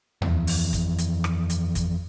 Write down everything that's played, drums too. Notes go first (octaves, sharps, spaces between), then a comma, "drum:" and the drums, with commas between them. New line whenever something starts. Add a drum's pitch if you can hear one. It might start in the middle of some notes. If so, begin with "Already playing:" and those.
F2 E3, drum: tom D#2
drum: open hi-hat
drum: kick, hi-hat
drum: hi-hat
drum: rim click
drum: hi-hat
drum: kick, hi-hat